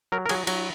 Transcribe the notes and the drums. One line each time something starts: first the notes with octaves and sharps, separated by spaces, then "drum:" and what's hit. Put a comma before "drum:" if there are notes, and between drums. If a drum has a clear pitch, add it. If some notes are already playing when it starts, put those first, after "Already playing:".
F#3 A#4
A#4
F#3 G#4, drum: cymbal
F#3, drum: cymbal